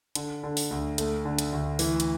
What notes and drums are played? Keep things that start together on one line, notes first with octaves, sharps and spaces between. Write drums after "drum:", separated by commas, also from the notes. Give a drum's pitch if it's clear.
D3, drum: hi-hat
D3
drum: open hi-hat
D2
A3, drum: hi-hat
D3
drum: hi-hat
D2
E3, drum: open hi-hat
drum: hi-hat